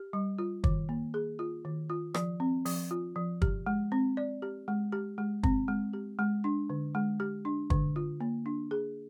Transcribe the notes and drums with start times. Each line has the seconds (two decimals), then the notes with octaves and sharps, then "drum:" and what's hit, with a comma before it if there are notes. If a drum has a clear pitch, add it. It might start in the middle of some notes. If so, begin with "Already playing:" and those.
Already playing: G4
0.13 G3
0.38 F4
0.64 D#3, drum: kick
0.89 A#3
1.14 G#4
1.39 F4
1.65 D#3
1.90 F4
2.14 F3, drum: rim click
2.40 C4
2.66 F3, drum: open hi-hat
2.91 F4
3.16 F3
3.42 G4, drum: kick
3.67 G#3
3.92 C4
4.17 D5
4.42 G4
4.68 G#3
4.92 G4
5.18 G#3
5.43 C4, drum: kick
5.68 G#3
5.93 G4
6.19 G#3
6.44 D4
6.70 D3
6.95 G#3
7.20 G4
7.45 D4
7.70 D3, drum: kick
7.96 F4
8.20 A#3
8.46 D4
8.71 G#4